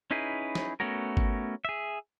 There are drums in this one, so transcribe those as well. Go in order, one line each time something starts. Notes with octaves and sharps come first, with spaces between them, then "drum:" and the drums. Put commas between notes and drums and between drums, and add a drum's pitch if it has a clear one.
C#4 D#4 E4 G#4 B4
drum: snare
A3 B3 C#4 F#4 A#4
drum: kick G#1
G#4 E5